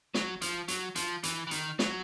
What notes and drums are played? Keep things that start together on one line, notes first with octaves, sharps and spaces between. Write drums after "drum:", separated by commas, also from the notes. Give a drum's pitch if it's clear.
F#3, drum: snare
F3, drum: hi-hat
F#3, drum: hi-hat
F3, drum: hi-hat
E3, drum: hi-hat
E3
D#3, drum: hi-hat
F#3, drum: snare